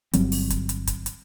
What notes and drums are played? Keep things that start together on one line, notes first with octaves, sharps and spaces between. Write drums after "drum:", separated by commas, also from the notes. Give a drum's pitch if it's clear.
G1 F#3 G3 C4, drum: hi-hat
drum: open hi-hat
drum: kick, hi-hat
drum: hi-hat
drum: kick, hi-hat
drum: hi-hat